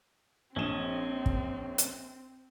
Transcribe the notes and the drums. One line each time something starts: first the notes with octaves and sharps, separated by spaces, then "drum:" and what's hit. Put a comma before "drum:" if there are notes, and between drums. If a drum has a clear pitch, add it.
A#1 C4 C#4 D#5 E7
drum: kick
drum: hi-hat